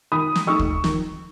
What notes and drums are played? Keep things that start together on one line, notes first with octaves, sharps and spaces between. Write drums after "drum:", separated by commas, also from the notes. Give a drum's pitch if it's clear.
D#3 B5 D#6
drum: snare
A3 D#4 C#6 E6
drum: kick
D#3, drum: snare